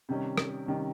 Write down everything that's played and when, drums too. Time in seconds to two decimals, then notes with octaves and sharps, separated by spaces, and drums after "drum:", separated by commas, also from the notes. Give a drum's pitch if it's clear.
0.09 C3 D#3 G3 C#4
0.38 drum: rim click
0.66 C3 D#3 G3 C#4